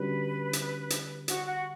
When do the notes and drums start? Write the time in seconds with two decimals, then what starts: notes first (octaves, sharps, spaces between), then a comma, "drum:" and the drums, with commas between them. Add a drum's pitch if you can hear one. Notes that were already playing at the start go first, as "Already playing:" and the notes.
Already playing: D3 G3 C#4 F#4 B4
0.53 drum: hi-hat
0.90 drum: hi-hat
1.28 F#4, drum: hi-hat
1.46 F#4